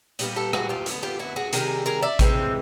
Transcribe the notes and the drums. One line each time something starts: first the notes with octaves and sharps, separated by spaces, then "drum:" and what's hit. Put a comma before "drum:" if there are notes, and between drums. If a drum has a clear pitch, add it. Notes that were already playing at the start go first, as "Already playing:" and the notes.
A#2 G3 B3 D#5, drum: hi-hat
G4 A4
F#4 G#4, drum: rim click
F4 G4
D3 F#3 B3, drum: hi-hat
F4 G4
E4 F#4
F#4 G#4
C3 D#3 G3 G#4 A#4, drum: hi-hat
G#4 A#4
D5 E5
C3 E3 G#3 C4, drum: kick A1, hi-hat